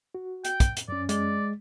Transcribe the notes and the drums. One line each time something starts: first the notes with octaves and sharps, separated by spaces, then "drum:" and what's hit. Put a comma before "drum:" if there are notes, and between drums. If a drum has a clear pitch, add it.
F#4
G5, drum: hi-hat
drum: kick, hi-hat
drum: hi-hat
F#2 C#4 D5
G#3 D5, drum: hi-hat